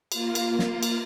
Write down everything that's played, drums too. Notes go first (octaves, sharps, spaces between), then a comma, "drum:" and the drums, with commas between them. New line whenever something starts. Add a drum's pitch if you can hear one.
A#3 F4, drum: cymbal
drum: cymbal
drum: snare
drum: cymbal